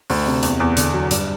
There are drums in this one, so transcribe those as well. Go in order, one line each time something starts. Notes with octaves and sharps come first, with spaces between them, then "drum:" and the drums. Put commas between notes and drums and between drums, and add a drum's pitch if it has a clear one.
D2, drum: open hi-hat
C3
E2, drum: hi-hat
E2
D3, drum: hi-hat
F#3
G2, drum: hi-hat